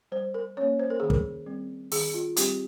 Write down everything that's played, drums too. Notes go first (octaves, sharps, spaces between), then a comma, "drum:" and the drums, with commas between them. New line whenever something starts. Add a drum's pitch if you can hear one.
G3 C5
A#4
A#3 C#4 C#5
C5
A#4
D#3 G#4
A#4, drum: kick
G3 C4
D#3 G#4, drum: open hi-hat
F4
G3 C4 G4, drum: hi-hat